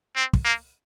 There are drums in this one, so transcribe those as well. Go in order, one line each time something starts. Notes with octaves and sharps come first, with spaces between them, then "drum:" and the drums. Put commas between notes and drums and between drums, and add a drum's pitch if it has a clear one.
C4
drum: kick
A#3